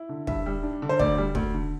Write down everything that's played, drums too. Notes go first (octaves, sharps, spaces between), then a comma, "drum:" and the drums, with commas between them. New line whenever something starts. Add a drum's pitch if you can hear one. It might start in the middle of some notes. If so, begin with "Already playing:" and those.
Already playing: E4
D3
G2 E5, drum: kick
G3
D4
D3
C5
D2 D5, drum: kick
G3
D2, drum: kick
D3